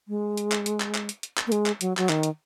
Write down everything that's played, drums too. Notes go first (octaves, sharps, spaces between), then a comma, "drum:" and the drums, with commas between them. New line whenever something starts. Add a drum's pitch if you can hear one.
G#3
drum: hi-hat
drum: clap
drum: hi-hat
drum: clap
drum: clap
drum: hi-hat
drum: hi-hat
drum: clap
A#3
G#3, drum: hi-hat
drum: clap
F#3, drum: hi-hat
F#3, drum: clap
D#3, drum: clap
drum: hi-hat